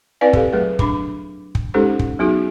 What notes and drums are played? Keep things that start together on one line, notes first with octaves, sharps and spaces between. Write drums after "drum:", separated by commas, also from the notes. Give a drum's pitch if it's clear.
C4 E4 B4 D5 F5 G#5
G4 A4 F5, drum: kick
F#3 A3 G#4 B4
D4 B5 D6, drum: kick
drum: kick
G#3 C#4 D#4 G4 A4 C5
drum: kick
F#3 B3 D#4 F#4 G#4